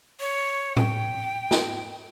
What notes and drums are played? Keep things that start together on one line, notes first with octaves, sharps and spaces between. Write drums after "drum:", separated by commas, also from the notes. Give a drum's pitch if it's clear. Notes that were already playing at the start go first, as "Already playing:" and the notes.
C#5
G5, drum: tom A2
drum: snare